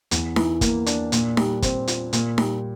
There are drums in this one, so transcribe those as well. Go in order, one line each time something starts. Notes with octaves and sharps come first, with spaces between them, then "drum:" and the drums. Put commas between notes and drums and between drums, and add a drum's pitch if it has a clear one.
E2, drum: hi-hat
E3, drum: snare D#4
A#3, drum: kick, hi-hat
D4, drum: hi-hat
A#2, drum: hi-hat
G3, drum: snare D#4
C4, drum: kick, hi-hat
F4, drum: hi-hat
A#2, drum: hi-hat
G3, drum: snare D#4